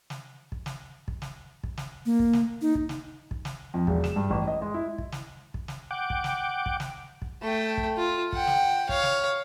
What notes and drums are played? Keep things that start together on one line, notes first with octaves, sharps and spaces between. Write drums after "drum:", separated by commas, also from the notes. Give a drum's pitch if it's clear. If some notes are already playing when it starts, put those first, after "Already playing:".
drum: snare
drum: kick
drum: snare
drum: kick
drum: snare
drum: kick
drum: snare
A#3
drum: kick
drum: snare
D#4
drum: kick
drum: snare
drum: kick
drum: snare
F2
E1, drum: kick
E7, drum: snare
G2
A1
D#5
G#3
E4
drum: kick
drum: snare
drum: kick
drum: snare
F#5 G5 D6
drum: kick
drum: snare
drum: kick
drum: snare
drum: kick
A3 G5
drum: kick
F4
F#5 G5, drum: kick
drum: snare
C#5 F5, drum: kick
drum: snare